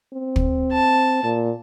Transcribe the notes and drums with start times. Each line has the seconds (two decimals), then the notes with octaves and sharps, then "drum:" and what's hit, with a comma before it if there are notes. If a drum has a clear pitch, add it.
0.14 C4
0.36 drum: kick
0.71 A5
1.24 A#2